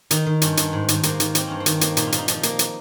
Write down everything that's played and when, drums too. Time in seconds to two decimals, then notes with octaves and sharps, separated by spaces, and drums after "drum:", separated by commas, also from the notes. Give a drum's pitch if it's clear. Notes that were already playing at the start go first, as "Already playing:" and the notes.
0.11 D#3 D#4, drum: hi-hat
0.27 D#3
0.42 G2 C#4, drum: hi-hat
0.57 G2, drum: hi-hat
0.73 G#2
0.88 D#3, drum: hi-hat
1.03 G#2 A#3, drum: hi-hat
1.20 D#3, drum: hi-hat
1.35 A#3 C4, drum: hi-hat
1.47 G2 C#4
1.60 C4
1.66 D#3, drum: hi-hat
1.81 A#3, drum: hi-hat
1.97 A#2 D#4, drum: hi-hat
2.07 F4
2.12 A#2, drum: hi-hat
2.18 D#4
2.28 F3 D#4, drum: hi-hat
2.43 A#3, drum: hi-hat
2.59 drum: hi-hat